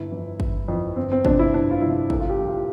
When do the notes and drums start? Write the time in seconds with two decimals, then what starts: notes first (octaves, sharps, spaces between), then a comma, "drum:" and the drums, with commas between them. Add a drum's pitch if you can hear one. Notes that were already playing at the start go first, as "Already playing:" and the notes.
Already playing: G1 E4
0.11 F2 E3
0.40 G1, drum: kick
0.68 F2 E3
0.96 G1 C4
1.12 C4
1.25 F2 C3 D4, drum: kick
1.39 E4
1.54 G1 D4
1.71 F4
1.81 F2 C3 E4
2.10 C2 A4, drum: kick
2.20 F4
2.30 G4
2.39 A#2 F3
2.48 F4